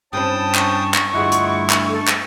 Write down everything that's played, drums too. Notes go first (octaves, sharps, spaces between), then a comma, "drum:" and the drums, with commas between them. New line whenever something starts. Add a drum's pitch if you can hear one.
G2 C4 C#4 E4 C#5 G5 A5 D#6
C#6, drum: clap
drum: clap
D2 G2 E4 F4 G#4 D#5 F#5
drum: hi-hat
drum: clap
A4
drum: clap